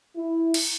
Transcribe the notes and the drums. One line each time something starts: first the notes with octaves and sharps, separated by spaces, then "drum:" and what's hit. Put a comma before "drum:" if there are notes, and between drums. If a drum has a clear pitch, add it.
E4
drum: cymbal